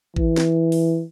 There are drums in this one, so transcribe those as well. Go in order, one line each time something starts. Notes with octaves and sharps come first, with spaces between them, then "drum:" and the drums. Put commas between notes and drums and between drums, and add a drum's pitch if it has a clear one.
E3, drum: kick A1
drum: snare
drum: open hi-hat